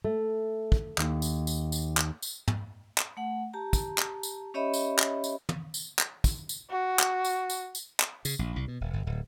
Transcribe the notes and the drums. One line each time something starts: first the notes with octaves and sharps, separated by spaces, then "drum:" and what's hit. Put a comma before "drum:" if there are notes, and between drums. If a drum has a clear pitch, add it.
A3
drum: kick
D#2, drum: clap
drum: tambourine
drum: tambourine
drum: tambourine
drum: clap
drum: tambourine
drum: tom
drum: clap
A3 F#5
G4 A5 A#5
drum: kick, tambourine
drum: clap
drum: tambourine
C#4 G4 C#5 D#5 E5 B5
drum: tambourine
drum: clap
drum: tambourine
drum: tom
drum: tambourine
drum: clap
drum: kick, tambourine
drum: tambourine
F#4
drum: clap
drum: tambourine
drum: tambourine
drum: tambourine
drum: clap
C#3, drum: tambourine
A#1
C2
B2
D#1
G1
D1